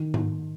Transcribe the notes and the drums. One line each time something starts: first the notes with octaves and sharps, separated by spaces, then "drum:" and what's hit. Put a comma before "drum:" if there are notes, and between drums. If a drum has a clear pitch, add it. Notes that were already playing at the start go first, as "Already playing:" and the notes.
Already playing: D#3
drum: tom G#2